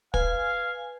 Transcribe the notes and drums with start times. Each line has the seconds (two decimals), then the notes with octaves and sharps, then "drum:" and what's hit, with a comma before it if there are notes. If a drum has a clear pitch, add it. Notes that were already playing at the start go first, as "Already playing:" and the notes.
0.14 B4 F5 G#5, drum: kick